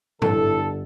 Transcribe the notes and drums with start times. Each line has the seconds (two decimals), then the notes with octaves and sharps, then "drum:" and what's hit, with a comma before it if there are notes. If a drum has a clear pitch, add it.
0.22 G1 G2 D3 E4 A4, drum: tom